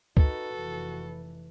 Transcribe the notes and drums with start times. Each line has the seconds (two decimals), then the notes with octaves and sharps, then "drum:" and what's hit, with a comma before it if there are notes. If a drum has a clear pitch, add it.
0.17 D#4 F#4 A4 B4, drum: kick C#2
0.56 F1 E3